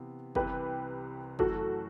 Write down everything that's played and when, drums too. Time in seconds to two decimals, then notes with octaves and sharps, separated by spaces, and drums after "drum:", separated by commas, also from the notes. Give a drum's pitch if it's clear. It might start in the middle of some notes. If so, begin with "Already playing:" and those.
Already playing: C3 E3 B3
0.35 C2 C3 E3 G4 B4, drum: kick
1.39 F#2 E3 A3 F#4 A4, drum: kick